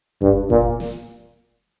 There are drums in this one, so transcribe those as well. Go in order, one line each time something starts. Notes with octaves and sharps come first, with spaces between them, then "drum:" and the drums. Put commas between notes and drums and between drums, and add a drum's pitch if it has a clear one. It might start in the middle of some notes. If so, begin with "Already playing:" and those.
G2, drum: kick F#1
A#2, drum: kick F#1
drum: snare